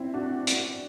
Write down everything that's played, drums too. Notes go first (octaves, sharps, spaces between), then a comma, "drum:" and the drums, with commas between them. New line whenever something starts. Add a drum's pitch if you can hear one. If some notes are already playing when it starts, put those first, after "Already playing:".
Already playing: C4 E4
D4 F#4
drum: hi-hat